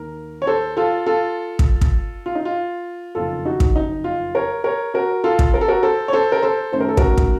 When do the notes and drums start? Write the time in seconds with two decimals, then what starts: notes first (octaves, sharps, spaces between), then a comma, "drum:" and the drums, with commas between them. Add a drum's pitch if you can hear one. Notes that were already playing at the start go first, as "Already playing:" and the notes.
Already playing: D#2 D#3 A#3 A#4
0.42 C#5
0.47 A4 C5
0.77 F4 A4
1.06 F4 A4
1.59 drum: kick
1.81 drum: kick
2.26 F4
2.35 D#4
2.45 F4
3.15 F#1 F2 D#3 F4 A4
3.45 D#4 F#4
3.60 drum: kick
3.76 D#4
4.04 F4
4.35 A#4 C#5
4.64 A#4 C#5
4.94 F#4 A#4
5.24 F4 A4
5.39 drum: kick
5.54 A#4
5.61 A4
5.68 F#4 A#4
5.83 A4 C5
6.08 C#5
6.13 A4 C5
6.32 A#4
6.42 A4 C5
6.72 F#2 D#3 A3 C5
6.80 A#4
6.89 A4
6.97 F#4 A#4, drum: kick
7.18 drum: kick